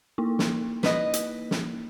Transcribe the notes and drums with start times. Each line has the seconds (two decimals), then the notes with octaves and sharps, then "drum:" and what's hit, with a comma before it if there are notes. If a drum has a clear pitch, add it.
0.18 A#3 D#4 E4
0.39 drum: snare
0.83 B4 D#5, drum: snare
1.13 drum: hi-hat
1.51 drum: snare